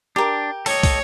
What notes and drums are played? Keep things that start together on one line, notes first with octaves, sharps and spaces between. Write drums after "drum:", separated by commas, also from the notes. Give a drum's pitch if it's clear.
D4 G4 A#4
A4 C#5 D#5, drum: open hi-hat
drum: kick, open hi-hat